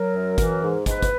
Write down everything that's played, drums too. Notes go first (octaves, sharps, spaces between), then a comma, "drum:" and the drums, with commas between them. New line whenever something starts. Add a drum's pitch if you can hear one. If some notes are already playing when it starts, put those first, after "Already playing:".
Already playing: F#3 A#4
F#2
E3, drum: kick, hi-hat
G#2
G#2 B4, drum: kick, hi-hat
drum: kick, hi-hat